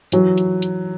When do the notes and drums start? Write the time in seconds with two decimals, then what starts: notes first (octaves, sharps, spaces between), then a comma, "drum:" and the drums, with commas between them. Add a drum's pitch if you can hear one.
0.12 E3 F#3, drum: hi-hat
0.37 drum: hi-hat
0.62 drum: hi-hat